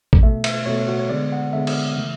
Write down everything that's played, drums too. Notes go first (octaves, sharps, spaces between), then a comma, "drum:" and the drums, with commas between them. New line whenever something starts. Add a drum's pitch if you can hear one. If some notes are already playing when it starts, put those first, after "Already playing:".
drum: kick
B2 A3 E5
E5, drum: cymbal
B2 A3 C#5
F#4
C#5
D3 G#3 B3 D5
F#5
D3 G#3 B3 E5
drum: cymbal
C#3 E3 A3